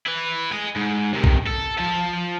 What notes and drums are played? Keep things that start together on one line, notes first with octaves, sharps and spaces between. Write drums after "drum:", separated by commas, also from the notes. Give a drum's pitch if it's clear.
E4 B4
D#5 G#5
G#2
C3 D#3
drum: kick B1
A4
F3 A5